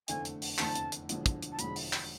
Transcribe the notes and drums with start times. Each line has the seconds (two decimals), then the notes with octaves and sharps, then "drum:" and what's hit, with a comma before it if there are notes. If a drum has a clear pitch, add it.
0.08 F1 E2 D3 A3 C4 G#5, drum: hi-hat
0.25 drum: hi-hat
0.42 drum: open hi-hat
0.58 F1 E2 D3 A3 C4 A5, drum: clap
0.75 drum: hi-hat
0.92 drum: hi-hat
1.09 E1 E2 D3 F3 G#3, drum: hi-hat
1.26 drum: kick, hi-hat
1.43 drum: hi-hat
1.52 A5
1.59 E1 E2 D3 F3 G#3 B5, drum: hi-hat
1.76 drum: open hi-hat
1.93 drum: clap